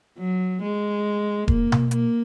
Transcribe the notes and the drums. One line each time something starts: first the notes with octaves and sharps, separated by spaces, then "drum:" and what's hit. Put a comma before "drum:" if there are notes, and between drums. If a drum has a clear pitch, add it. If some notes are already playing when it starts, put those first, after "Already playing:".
F#3
G#3
A#3, drum: kick E1
drum: tom B2
A#3, drum: hi-hat